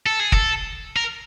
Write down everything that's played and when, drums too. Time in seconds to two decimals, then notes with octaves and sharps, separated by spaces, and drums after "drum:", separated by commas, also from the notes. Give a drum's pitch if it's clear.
0.06 A4
0.20 G#4
0.32 A4, drum: kick F#1
0.96 A#4